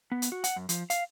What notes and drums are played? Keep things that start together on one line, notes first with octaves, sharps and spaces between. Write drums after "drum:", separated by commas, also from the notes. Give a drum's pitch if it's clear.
B3
drum: hi-hat
F#4
F#5, drum: hi-hat
F#2
F3, drum: hi-hat
F5, drum: hi-hat